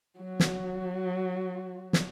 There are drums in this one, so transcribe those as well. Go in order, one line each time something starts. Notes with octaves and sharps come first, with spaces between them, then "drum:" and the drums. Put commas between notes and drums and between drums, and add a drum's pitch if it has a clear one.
F#3 F#4
drum: snare
drum: snare